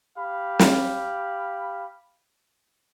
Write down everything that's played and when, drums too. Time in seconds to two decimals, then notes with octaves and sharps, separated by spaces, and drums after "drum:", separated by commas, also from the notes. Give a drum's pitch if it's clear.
0.17 G4 F5 B5
0.59 drum: snare